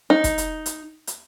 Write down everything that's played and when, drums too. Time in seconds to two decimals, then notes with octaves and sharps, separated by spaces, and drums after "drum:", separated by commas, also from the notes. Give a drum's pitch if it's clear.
0.10 D#4
0.24 drum: kick, hi-hat
0.38 drum: hi-hat
0.66 drum: hi-hat
1.07 drum: hi-hat